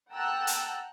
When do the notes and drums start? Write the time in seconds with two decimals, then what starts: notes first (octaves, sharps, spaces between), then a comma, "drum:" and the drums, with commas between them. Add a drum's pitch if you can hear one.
0.11 F#5 G5 A5 A#5 E6 F#6
0.47 drum: hi-hat